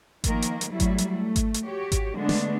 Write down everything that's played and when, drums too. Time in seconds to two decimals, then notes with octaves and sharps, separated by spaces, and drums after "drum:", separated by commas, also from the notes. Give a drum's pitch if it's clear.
0.24 D#3 F3 A#3 A#4, drum: kick G#1, hi-hat
0.42 drum: hi-hat
0.61 drum: hi-hat
0.70 F#3 G3 A3 E4
0.80 drum: kick G#1, hi-hat
0.98 drum: hi-hat
1.13 A3
1.36 drum: kick G#1, hi-hat
1.54 drum: hi-hat
1.66 F#4 G4 C#5
1.92 drum: kick G#1, hi-hat
2.15 D3 G#3 A3 B3 D4
2.29 drum: snare